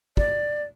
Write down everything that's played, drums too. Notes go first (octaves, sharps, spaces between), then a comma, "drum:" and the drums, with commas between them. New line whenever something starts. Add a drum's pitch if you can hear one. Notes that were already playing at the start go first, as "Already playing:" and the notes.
D5, drum: kick